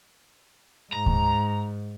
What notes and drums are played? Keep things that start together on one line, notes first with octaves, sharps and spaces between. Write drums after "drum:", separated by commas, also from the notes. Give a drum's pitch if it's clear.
G#2 A#5
drum: kick D2